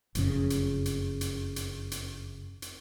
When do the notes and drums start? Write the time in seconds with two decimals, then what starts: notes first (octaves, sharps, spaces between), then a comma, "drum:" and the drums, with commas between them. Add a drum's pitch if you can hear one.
0.15 F#1 F2 C#3, drum: hi-hat
0.50 drum: hi-hat
0.86 drum: hi-hat
1.21 drum: hi-hat
1.56 drum: hi-hat
1.91 drum: hi-hat
2.62 drum: hi-hat